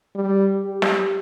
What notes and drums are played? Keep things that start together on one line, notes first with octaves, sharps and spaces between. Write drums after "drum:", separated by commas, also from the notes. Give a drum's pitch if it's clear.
G3
G4
drum: snare